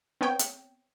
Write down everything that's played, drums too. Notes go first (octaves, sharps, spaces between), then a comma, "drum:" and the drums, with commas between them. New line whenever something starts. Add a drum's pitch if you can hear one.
B3 C4 C#5 G5
drum: hi-hat